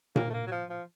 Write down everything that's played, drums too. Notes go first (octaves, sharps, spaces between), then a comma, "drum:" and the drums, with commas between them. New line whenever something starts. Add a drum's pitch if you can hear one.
A#3, drum: tom A#2
A3
A#3
F#3
F3
F3